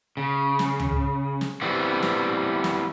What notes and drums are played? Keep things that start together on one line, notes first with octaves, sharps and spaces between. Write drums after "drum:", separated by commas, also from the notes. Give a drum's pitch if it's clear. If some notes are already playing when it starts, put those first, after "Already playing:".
C#3
drum: snare
drum: tom C#2
drum: snare
E3 F#3 G3 B3 C4
drum: snare
drum: snare